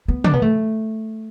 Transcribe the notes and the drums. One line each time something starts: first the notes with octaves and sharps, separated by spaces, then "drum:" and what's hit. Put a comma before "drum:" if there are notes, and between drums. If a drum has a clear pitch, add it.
B3
D4, drum: tom
B3
A3